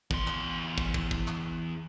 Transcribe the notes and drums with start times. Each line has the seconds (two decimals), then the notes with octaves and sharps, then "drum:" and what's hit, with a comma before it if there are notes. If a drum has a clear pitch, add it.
0.11 E2 C6, drum: kick
0.27 drum: clap
0.78 drum: kick
0.94 drum: kick
1.11 drum: kick
1.28 drum: clap